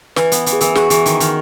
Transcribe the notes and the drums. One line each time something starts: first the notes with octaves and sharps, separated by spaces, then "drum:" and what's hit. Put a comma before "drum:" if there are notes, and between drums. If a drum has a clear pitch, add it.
E3 B4, drum: snare
B3, drum: hi-hat
E3, drum: hi-hat
G#4
E3 A#4, drum: hi-hat
F#4 G#4, drum: snare
E3 G#4, drum: hi-hat
D#3, drum: hi-hat
D#3, drum: hi-hat